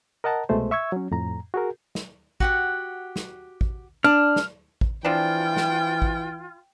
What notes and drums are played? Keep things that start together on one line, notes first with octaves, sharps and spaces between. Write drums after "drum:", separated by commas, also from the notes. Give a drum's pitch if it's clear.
A#4 D#5 F#5 A5 A#5
C2 B2 G#3 A3 C5
E5 C#6 E6 G#6
F#3 C#4
F2 A2 A#5
F#4 G#4 A#4
drum: snare
F#4 G4 F#5, drum: kick A1
drum: snare
drum: kick A1
D4 F6
drum: snare
drum: kick A1
E3 F3 C4 D4 F4 G5
drum: snare
drum: kick A1